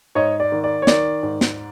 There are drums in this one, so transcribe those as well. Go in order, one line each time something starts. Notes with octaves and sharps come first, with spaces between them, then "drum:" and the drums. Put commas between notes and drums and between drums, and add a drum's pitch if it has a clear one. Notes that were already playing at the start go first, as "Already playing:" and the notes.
G#2 C#5 D#5
D5
D#3
D5
C#5
D#3 D5, drum: snare
G#2
drum: snare